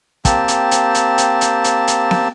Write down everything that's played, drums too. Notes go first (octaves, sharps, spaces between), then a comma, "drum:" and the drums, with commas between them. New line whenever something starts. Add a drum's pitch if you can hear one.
A#3 C4 G4 A5, drum: kick, hi-hat
drum: hi-hat
drum: hi-hat
drum: hi-hat
drum: hi-hat
drum: hi-hat
drum: hi-hat
drum: hi-hat
drum: snare B3